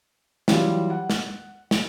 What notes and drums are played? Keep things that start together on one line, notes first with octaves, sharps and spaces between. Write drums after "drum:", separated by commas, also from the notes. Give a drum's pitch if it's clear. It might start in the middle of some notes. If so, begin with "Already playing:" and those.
E3 F#3 G3 F4, drum: snare
F#5
drum: snare
drum: snare